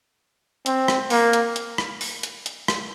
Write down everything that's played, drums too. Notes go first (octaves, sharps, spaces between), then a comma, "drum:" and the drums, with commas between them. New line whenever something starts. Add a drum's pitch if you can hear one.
C4, drum: hi-hat
drum: rim click
A#3, drum: open hi-hat
drum: hi-hat
drum: hi-hat
drum: rim click
drum: open hi-hat
drum: hi-hat
drum: hi-hat
drum: rim click